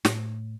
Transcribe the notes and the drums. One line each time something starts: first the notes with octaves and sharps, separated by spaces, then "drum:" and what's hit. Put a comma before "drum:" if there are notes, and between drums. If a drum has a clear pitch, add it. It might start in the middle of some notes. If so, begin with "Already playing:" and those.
A2, drum: snare